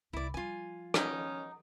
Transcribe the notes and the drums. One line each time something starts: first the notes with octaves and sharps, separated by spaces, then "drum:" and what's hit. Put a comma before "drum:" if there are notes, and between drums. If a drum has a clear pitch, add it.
C2 E4 D5
F3 G3 F4 G#5
B2 C#4 D#4, drum: rim click